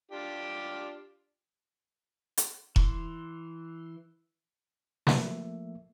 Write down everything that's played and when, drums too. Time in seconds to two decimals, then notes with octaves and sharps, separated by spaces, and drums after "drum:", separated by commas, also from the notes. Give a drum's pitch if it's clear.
0.11 D4 F4 G4
2.37 drum: hi-hat
2.76 E3 C6, drum: kick E1
5.07 F3 A3 A#3 E5, drum: snare